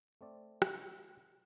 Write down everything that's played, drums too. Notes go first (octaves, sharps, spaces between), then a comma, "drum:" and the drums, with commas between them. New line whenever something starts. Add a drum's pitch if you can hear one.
A3 C4 D5
drum: rim click